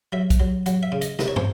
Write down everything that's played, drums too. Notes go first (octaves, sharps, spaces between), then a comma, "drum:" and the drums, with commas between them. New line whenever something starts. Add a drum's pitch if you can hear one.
F#3 E5
drum: kick, hi-hat
F#3
F#3 F#5, drum: hi-hat
E5
C#3
D#5, drum: hi-hat
C3 D#5, drum: snare
C#5
C5, drum: tom